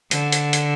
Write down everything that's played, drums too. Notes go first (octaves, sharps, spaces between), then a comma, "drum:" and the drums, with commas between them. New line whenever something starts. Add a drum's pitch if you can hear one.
D3, drum: hi-hat
drum: hi-hat
drum: hi-hat